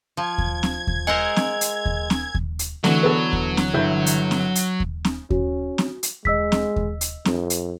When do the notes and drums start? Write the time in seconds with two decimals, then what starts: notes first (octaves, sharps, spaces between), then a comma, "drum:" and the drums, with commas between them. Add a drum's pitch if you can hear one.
0.17 F3 G#6
0.38 drum: kick D#2
0.63 drum: snare
0.87 drum: kick D#2
1.07 G#3 A#4 C5 F#5 G#5 E6 F7
1.36 drum: snare
1.61 drum: hi-hat
1.86 drum: kick D#2
2.10 drum: snare
2.35 drum: kick D#2
2.59 drum: hi-hat
2.84 D3 E3 F#3 A3, drum: snare
3.03 B3 A4
3.33 drum: kick D#2
3.57 drum: snare
3.74 G1 E4 G6
4.06 drum: hi-hat
4.31 drum: snare
4.55 drum: hi-hat
4.80 drum: kick D#2
5.05 drum: snare
5.30 C#4 F#4, drum: kick D#2
5.78 drum: snare
6.03 drum: hi-hat
6.25 G#3 D#5 E6 B6, drum: kick D#2
6.52 drum: snare
6.76 drum: kick D#2
7.01 drum: hi-hat
7.25 F2, drum: snare
7.50 drum: hi-hat